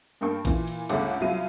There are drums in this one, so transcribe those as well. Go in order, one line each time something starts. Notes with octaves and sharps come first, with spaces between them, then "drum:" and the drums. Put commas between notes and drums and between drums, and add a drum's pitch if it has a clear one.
G2 A#3 G5 A5 C#6
A#2 E3, drum: kick G#1, cymbal
drum: cymbal
G1 C#2 A3 G#4 F#5 D6, drum: cymbal
C2 F#3 F4 E5 F5 D#7